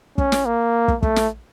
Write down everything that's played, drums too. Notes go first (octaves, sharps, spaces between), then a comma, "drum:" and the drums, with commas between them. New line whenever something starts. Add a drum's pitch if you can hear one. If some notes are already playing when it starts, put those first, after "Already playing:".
C#4, drum: kick
drum: snare
A#3
drum: kick
A3, drum: kick
drum: snare